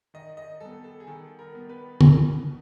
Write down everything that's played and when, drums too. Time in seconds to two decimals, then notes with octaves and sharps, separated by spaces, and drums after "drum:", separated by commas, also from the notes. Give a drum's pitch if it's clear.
0.14 D#3 D#5
0.37 D#5
0.60 G3 B3 A4
0.84 A4
1.00 G#4
1.07 D#3 A4
1.39 A#4
1.53 G3 B3
1.69 B4
2.01 B2, drum: tom